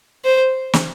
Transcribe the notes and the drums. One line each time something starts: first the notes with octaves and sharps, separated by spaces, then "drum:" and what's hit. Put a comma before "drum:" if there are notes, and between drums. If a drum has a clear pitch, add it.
C5
drum: snare